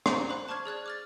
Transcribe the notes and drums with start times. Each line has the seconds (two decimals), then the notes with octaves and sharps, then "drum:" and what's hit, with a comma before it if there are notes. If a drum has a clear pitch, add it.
0.06 C5 D5 F5 A#5 C6, drum: rim click
0.29 C5 B5 F#6
0.48 C5 A5 C#6 D6 F6 G#6
0.66 G#4 D5 F#6 G#6
0.86 D6 F6 A6